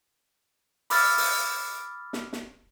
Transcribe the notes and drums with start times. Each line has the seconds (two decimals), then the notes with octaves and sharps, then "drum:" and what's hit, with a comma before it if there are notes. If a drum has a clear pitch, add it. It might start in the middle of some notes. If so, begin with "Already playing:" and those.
0.90 B5 D6 E6 F6 A6, drum: open hi-hat
1.18 drum: open hi-hat
2.13 drum: snare
2.33 drum: snare